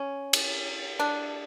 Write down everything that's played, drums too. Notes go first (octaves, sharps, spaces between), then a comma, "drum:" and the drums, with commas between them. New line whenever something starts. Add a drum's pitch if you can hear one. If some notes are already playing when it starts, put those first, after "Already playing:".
Already playing: C#4
drum: cymbal
D4